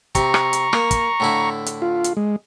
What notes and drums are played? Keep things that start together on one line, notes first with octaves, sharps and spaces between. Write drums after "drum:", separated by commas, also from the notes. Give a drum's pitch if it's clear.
C3 A#5 C#6, drum: kick, hi-hat
drum: rim click
drum: hi-hat
A#3, drum: rim click
drum: kick, hi-hat
A2 D3 E4
drum: hi-hat
F4
drum: hi-hat
G#3